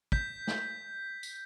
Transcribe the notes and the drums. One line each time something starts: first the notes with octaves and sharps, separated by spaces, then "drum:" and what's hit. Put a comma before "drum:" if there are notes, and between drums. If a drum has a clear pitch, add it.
G6 B6, drum: kick
drum: snare
drum: tambourine